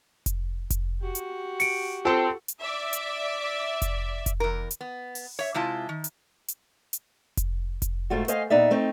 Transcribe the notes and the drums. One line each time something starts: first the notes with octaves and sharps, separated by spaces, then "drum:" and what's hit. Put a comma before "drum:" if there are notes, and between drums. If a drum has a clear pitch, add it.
drum: kick F1, hi-hat
drum: kick F1, hi-hat
F#4 G4
drum: hi-hat
C#7 D7, drum: open hi-hat
C4 F4 A4 A5
drum: hi-hat
D5 E5
drum: hi-hat
drum: kick F1, hi-hat
drum: kick F1, hi-hat
E2 A#4
drum: hi-hat
B3
drum: open hi-hat
C#5 E5
C3 G#3 E4 F4 A5
D#3
drum: hi-hat
drum: hi-hat
drum: hi-hat
drum: kick F1, hi-hat
drum: kick F1, hi-hat
G#2 A3 F4 F#4
C5 D#5 F5 G#5, drum: hi-hat
A#2 B3 D#4 D5 E5
A3 C4 D#4